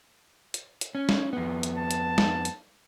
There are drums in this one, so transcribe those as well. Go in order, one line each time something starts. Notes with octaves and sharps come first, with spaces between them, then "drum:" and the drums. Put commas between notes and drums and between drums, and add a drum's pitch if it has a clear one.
drum: hi-hat
drum: hi-hat
C#4
drum: snare
F2 B3
drum: hi-hat
A5
drum: hi-hat
drum: snare
drum: hi-hat